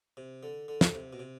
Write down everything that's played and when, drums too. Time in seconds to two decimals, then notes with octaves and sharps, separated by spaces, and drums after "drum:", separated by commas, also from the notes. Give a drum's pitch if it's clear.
0.17 C3
0.43 D3
0.68 D3
0.81 drum: snare
0.94 C3
1.13 B2
1.19 C3